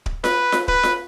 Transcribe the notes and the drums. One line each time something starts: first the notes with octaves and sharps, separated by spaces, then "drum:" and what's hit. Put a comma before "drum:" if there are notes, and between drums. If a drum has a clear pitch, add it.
drum: kick D1
B4, drum: snare F4
drum: snare F4
B4, drum: kick D1
drum: snare F4